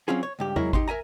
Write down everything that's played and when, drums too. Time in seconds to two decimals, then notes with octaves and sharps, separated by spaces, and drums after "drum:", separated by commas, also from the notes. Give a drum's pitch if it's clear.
0.08 F#3 C4 C#4 F4 G#4
0.23 C#5
0.39 C#2 G2 G4
0.56 F#3 G#3 E4 A#4, drum: tom E2
0.73 D#4 G4 C6, drum: kick G#1
0.88 A#4 E5 G#5 A#5